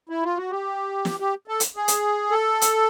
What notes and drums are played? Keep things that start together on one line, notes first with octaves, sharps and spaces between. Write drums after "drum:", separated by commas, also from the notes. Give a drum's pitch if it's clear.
E4
F4
F#4
G4
drum: snare
G4
A4
drum: hi-hat
G#4
drum: hi-hat
A4
drum: hi-hat